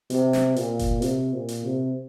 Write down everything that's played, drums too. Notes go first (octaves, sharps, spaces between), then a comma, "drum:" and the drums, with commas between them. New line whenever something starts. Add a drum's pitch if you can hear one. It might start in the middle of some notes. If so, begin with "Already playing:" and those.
C3, drum: hi-hat
drum: snare
A#2, drum: hi-hat
drum: kick F#1, hi-hat
C3, drum: hi-hat
A#2
drum: hi-hat
C3